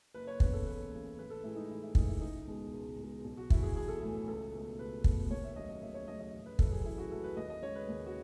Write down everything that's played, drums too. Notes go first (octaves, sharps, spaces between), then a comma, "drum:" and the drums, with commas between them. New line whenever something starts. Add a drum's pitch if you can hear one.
F#1 B4
C#5
E2 C#3 B4, drum: kick
A4
F#1 B4
E2 C#3
A1 B4
A4
A2 E3 G#3 E4
D#4
A1 E4
E4
A2 E3 G#3 D#4, drum: kick
E4
C#2 D#4
B2 G#3
C#2
B2 G#3
B1
F#4
A2 E3 A3 E4, drum: kick
G#4
B1 G#4
A4
A2 E3 A3 G#4
C#2 A4
B2 A3
C#2 B4
B2 A3, drum: kick
D#2 C#5
E5
C#3 F#3 A3 D#5
D#5
D#2 E5
C#5
C#3 F#3 A3 D#5
D#5
A1
B4
A2 F#3 A3 A4, drum: kick
G#4
A1 E4
F#4
A2 F#3 A3 A4
B4
D#2 D#5
D#5
C#3 G#3 C#5
B4
D#2
F#4